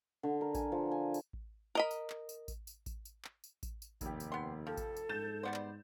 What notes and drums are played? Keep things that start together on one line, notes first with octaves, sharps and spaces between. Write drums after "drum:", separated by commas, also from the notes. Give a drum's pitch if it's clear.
D3
A#4
G#5, drum: kick A1, tambourine
F3
G#5
drum: tambourine
drum: kick A1
A#4 D#5 B5
drum: tambourine
drum: clap
drum: tambourine
drum: kick A1, tambourine
drum: tambourine
drum: kick A1, tambourine
drum: tambourine
drum: clap
drum: tambourine
drum: kick A1, tambourine
drum: tambourine
F1 D#2 G4, drum: kick A1, tambourine
drum: tambourine
B3 C6
F3 A4
drum: kick A1, tambourine
drum: tambourine
G#2 G6 A6 E7
G3 B3 C5 D5
drum: clap